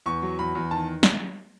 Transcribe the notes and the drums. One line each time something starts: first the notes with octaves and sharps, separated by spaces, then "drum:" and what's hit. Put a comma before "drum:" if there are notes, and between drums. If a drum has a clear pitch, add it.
E2 C#6
F#3
E2 B5
E2
D#3 A5
drum: snare